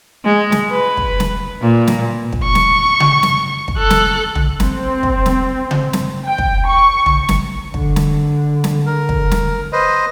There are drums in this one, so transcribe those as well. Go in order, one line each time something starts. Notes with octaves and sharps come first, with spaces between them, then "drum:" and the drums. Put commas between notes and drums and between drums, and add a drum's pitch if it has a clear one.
G#3
drum: snare
B4
drum: kick
drum: snare
A#2
drum: snare
drum: kick
C#6
drum: snare
drum: tom C#3
drum: snare
drum: kick
A4 F#6
drum: snare
drum: tom
C4, drum: snare
drum: kick
drum: snare
drum: tom C#3
drum: snare
G5
drum: kick
C#6
drum: tom
drum: snare
D3, drum: kick
drum: snare
drum: snare
A#4
drum: kick
drum: snare
B4 C5 D#5